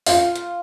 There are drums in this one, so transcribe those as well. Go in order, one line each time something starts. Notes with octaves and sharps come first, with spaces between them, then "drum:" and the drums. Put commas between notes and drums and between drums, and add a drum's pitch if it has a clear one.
F4, drum: open hi-hat
drum: hi-hat